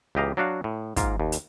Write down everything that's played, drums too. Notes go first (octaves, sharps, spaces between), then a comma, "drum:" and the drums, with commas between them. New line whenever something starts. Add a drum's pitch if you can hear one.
C#2 E3 G4 D#5 F5 A#5
F#3 D4 F#4 F5
A2
G#2 A#3 F4 A#4, drum: kick, hi-hat
D#2
drum: hi-hat